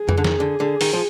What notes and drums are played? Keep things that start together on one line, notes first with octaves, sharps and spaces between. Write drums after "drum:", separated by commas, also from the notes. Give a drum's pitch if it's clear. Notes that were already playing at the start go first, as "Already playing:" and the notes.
Already playing: G#4
E3, drum: tom F2
D3
D#3, drum: snare
D3
D3
D#3, drum: open hi-hat
F3